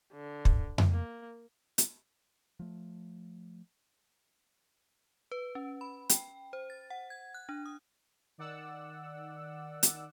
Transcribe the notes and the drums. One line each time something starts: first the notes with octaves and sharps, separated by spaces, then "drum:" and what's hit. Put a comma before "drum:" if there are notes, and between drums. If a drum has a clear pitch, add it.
D3
drum: kick
drum: tom F2
A#3
drum: hi-hat
F3 A3
B4
C#4
B5
G5, drum: hi-hat
C5
A6
F#5
G#6
F#6
D4
D#6
D#3 D5 F#5 E6
drum: hi-hat